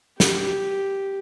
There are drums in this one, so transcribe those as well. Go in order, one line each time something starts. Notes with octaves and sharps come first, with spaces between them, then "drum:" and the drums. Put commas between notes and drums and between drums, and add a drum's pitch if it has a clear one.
G4, drum: snare